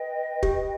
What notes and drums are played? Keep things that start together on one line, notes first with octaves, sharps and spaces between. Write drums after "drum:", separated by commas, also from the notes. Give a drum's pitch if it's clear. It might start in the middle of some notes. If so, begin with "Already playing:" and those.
Already playing: B4 D#5 G5
G4, drum: kick